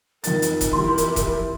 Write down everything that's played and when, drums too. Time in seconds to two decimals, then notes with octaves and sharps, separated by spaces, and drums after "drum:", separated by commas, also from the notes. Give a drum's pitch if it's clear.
0.24 F2 D#4 A#4 A6, drum: hi-hat
0.42 drum: hi-hat
0.61 drum: kick D#1, hi-hat
0.73 F2 E3 E4 G4 C6
0.98 drum: hi-hat
1.16 drum: kick D#1, hi-hat